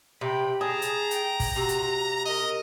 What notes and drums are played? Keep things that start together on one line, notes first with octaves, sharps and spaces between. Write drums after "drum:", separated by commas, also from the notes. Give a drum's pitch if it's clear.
C3 G5 B5
G#4 A5 A#5
drum: hi-hat
G5, drum: hi-hat
drum: kick, open hi-hat
C3 F#4
drum: hi-hat
A#4 D#5